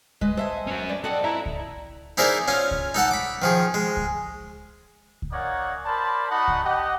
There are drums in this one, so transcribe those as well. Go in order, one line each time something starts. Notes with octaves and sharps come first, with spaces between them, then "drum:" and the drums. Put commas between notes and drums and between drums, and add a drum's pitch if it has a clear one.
G#3 B4 D#5, drum: kick C#2
A4 C5 E5 G#5
F#3 C#4
B4 D5
C4 D#4 F#4 A4 D5
E4 E5 A#5
drum: kick C#2
D#4 E4 G#4 A#4 C5 D5
C#4 F4 G#5
drum: kick C#2
D#4 A4 F#5 A5
B5 D6
D#3 F3 G#4
G#3
drum: kick C#2
drum: kick C#2
A#3 D#4 C#5 D5 F#5 G#5
A#4 C5 D5 A5 B5
D#4 F#4 D#5 F#5 A5 B5
drum: kick C#2
G4 D#5 F#5